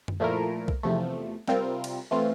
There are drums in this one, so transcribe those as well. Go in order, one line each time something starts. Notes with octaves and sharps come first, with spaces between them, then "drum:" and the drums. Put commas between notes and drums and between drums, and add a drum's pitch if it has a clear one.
drum: tom F#2
A#2 F3 A3 E4 A#4
drum: kick B1
E2 C3 F3 A3
C3 G3 C4 F4 A#4, drum: snare
drum: cymbal
E3 A3 C4 F4